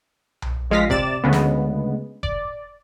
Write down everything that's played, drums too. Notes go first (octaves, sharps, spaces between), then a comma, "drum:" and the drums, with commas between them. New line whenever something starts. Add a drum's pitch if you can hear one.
drum: tom B1
A#1 G#3 F4 F5 A#6 B6
C3 D5 A6 E7, drum: kick F1
D2 C#3 G#3 B3
drum: snare
D5, drum: kick F1